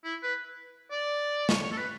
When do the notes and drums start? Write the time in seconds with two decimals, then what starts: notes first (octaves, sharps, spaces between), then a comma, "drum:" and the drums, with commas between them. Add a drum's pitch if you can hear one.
0.04 E4
0.23 B4
0.91 D5
1.49 C#5, drum: snare
1.63 C#5
1.72 A4
1.77 B4